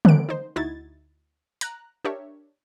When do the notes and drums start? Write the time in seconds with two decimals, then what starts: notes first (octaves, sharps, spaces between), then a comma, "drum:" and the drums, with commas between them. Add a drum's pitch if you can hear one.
0.05 F#6 D7, drum: tom D3
0.29 D#4 C5
0.56 D2 D#4 E4 F#4 G#6 A6
1.61 A#5 F#6, drum: hi-hat
2.04 D4 G4 A#4 C#5 E5